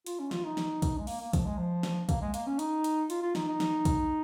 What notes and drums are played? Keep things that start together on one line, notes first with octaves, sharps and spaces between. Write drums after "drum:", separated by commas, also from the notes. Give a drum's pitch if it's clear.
F4, drum: hi-hat
C#4
F4, drum: snare
D#4
drum: snare
drum: kick, hi-hat
G#3
A#3, drum: open hi-hat
A#3
F3, drum: kick, hi-hat
G#3
F3
drum: snare
A#3, drum: kick, hi-hat
G#3
A#3, drum: hi-hat
C#4
D#4, drum: hi-hat
drum: hi-hat
F4, drum: hi-hat
F4
D#4, drum: snare
D#4
drum: snare
drum: kick, hi-hat